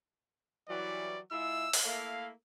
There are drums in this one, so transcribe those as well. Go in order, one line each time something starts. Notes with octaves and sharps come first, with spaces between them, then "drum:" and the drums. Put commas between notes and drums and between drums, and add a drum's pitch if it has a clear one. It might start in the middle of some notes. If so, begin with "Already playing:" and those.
E3 F#3 G3 D5
G#3 E4 F4 E6
drum: open hi-hat
A3 A#3 E4 F5